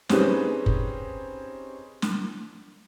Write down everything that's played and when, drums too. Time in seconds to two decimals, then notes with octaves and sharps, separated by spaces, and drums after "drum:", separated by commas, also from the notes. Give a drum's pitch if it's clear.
0.09 C4 C#4 D#4 G4 G#4 B4, drum: snare
0.66 drum: kick
2.02 drum: snare